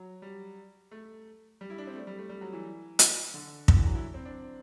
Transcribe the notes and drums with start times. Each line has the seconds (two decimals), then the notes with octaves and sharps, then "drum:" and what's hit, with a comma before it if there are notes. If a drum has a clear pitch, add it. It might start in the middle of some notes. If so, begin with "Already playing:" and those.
Already playing: F#3
0.22 G3
0.91 A3
1.61 G3
1.70 E4
1.78 D4
1.87 C4
1.96 A3
2.07 G3
2.19 A3
2.29 G3
2.41 F#3
2.53 E3
2.99 drum: hi-hat
3.34 D3
3.68 D3, drum: kick
3.76 E3
3.86 F#3
3.95 E4
4.14 C4
4.25 D4